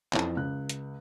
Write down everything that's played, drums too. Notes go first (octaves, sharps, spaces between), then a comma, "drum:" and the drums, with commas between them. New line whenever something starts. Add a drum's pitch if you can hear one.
F2 E3 A5, drum: clap
C#2 F#6
drum: hi-hat